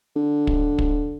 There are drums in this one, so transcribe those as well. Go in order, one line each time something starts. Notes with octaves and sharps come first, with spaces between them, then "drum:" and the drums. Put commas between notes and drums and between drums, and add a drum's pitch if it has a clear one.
D3
drum: kick
drum: kick